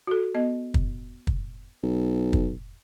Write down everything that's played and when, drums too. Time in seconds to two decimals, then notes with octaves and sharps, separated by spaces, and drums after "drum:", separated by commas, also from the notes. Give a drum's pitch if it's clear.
0.07 F#4 A4
0.35 B3 D#5
0.74 drum: kick
1.27 drum: kick
1.83 B1
2.33 drum: kick